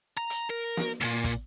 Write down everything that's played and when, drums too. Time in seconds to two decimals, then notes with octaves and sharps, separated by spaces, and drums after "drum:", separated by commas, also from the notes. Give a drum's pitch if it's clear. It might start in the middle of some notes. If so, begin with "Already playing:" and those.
0.17 A#5
0.30 drum: hi-hat
0.50 A#4
0.77 drum: snare
1.01 C#2 A#2, drum: hi-hat
1.24 drum: kick, hi-hat